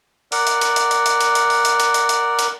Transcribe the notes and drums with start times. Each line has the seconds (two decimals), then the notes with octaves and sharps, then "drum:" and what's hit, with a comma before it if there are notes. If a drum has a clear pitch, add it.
0.32 A#4 D5 F#5, drum: open hi-hat
0.47 drum: hi-hat
0.61 drum: hi-hat
0.76 drum: hi-hat
0.91 drum: hi-hat
1.06 drum: hi-hat
1.21 drum: hi-hat
1.35 drum: hi-hat
1.50 drum: open hi-hat
1.65 drum: hi-hat
1.80 drum: hi-hat
1.94 drum: hi-hat
2.09 drum: hi-hat
2.39 drum: hi-hat